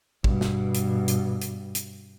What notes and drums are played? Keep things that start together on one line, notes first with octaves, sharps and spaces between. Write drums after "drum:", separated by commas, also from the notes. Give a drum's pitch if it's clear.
G2 B2, drum: kick
drum: snare
drum: hi-hat
drum: hi-hat
drum: hi-hat
drum: hi-hat